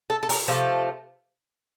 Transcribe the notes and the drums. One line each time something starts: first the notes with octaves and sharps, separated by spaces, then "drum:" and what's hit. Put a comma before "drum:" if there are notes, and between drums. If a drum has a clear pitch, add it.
A4
A4
A#4, drum: open hi-hat
C3 F3 A3 A4